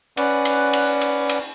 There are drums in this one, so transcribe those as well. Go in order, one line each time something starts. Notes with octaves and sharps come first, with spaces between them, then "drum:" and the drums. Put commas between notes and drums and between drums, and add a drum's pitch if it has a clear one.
C#4 B4 D5 F#5, drum: cymbal
drum: cymbal
drum: cymbal
drum: cymbal
drum: cymbal